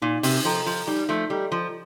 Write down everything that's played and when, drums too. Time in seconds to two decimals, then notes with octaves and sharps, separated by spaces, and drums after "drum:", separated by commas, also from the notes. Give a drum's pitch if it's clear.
0.02 A#2 D#4
0.23 C3, drum: open hi-hat
0.44 F3 A4 D#5 G5 A#5
0.66 F3
0.87 G3 D#4
1.09 F3 A3
1.29 G3 A4 D#5 G5 A#5
1.52 F3